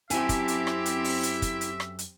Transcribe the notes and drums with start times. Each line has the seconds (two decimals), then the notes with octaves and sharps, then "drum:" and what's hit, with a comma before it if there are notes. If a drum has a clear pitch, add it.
0.10 F#2 C4 E4 G4 A4 E5 G#5, drum: hi-hat
0.29 drum: kick, hi-hat
0.48 drum: hi-hat
0.67 drum: rim click
0.86 drum: hi-hat
1.04 drum: open hi-hat
1.23 drum: hi-hat
1.42 drum: kick, hi-hat
1.61 drum: hi-hat
1.80 drum: rim click
1.99 drum: hi-hat